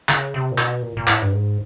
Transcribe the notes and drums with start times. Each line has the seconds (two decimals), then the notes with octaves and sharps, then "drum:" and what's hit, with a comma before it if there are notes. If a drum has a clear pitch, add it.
0.09 C#3, drum: clap
0.34 C3
0.52 A#2
0.58 B2, drum: clap
0.82 A#2
0.97 A#2
1.07 A2, drum: clap
1.22 G2
1.32 G#2